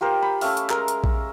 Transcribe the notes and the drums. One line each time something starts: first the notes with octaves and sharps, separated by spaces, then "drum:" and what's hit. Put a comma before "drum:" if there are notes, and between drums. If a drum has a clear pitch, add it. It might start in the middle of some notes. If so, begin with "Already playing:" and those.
F4 G4 A#4 C5
B5
A3 C#4 E5 F5, drum: open hi-hat
drum: hi-hat
G#3 A#4 A#5, drum: clap
drum: hi-hat
drum: kick A#1